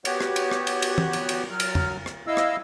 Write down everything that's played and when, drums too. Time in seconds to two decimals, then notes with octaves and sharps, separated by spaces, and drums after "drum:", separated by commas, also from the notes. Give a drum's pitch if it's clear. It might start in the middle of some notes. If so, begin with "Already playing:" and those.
0.05 B3 F#4 G4 C#5, drum: cymbal
0.21 drum: rim click
0.36 drum: cymbal
0.51 drum: rim click
0.67 drum: cymbal
0.82 drum: cymbal
0.98 drum: tom
1.13 drum: cymbal
1.29 drum: cymbal
1.50 F#3 F6
1.60 drum: cymbal
1.75 drum: tom F2
2.06 drum: rim click
2.27 E4 D#5 F5 E6
2.37 drum: rim click